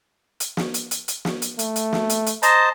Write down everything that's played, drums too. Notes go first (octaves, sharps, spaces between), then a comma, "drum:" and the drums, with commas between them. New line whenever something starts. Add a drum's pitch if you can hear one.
drum: hi-hat
drum: snare
drum: hi-hat
drum: hi-hat
drum: hi-hat
drum: snare
drum: hi-hat
A3, drum: hi-hat
drum: hi-hat
drum: snare
drum: hi-hat
drum: hi-hat
C5 D#5 A5 A#5, drum: hi-hat